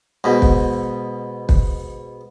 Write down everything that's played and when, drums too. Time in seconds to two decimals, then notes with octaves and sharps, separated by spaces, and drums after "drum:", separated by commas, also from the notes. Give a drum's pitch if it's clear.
0.24 G#2 B2
0.42 drum: kick
1.49 drum: kick